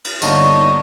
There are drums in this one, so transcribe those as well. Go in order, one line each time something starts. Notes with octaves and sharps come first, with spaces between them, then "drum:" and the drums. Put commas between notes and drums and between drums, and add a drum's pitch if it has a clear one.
drum: cymbal
G1 D3 A#3 D4 D#4 C#5 D#5, drum: tambourine